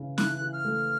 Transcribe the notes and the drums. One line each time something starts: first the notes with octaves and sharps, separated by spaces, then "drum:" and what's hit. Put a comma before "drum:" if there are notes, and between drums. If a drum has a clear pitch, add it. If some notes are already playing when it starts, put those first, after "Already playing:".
Already playing: C#3 E3
E3 F#6, drum: snare C#4
E3
F6
A3